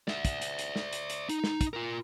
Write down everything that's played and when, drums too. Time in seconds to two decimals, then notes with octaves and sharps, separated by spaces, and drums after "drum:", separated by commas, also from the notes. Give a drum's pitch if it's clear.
0.08 D5 E5, drum: snare
0.25 drum: kick, hi-hat
0.42 drum: hi-hat
0.59 drum: hi-hat
0.76 drum: snare
0.93 drum: hi-hat
1.10 drum: hi-hat
1.29 D#4, drum: hi-hat
1.44 drum: snare
1.61 drum: kick, hi-hat
1.73 F4 A#4